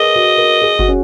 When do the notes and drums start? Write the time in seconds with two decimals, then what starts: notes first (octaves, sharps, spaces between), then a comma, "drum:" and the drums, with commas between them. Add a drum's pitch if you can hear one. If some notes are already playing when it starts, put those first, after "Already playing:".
Already playing: G#4 A#4 B4 D#5
0.15 F#4
0.38 A#4
0.62 G#4
0.79 F#4, drum: kick F#1
0.88 C#4